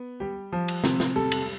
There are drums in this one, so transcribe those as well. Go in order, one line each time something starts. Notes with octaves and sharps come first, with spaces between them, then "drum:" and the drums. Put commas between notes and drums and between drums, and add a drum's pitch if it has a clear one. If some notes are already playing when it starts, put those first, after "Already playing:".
Already playing: B3
G3 G4
F3
drum: cymbal
C3, drum: snare
drum: snare
G3 A4
drum: cymbal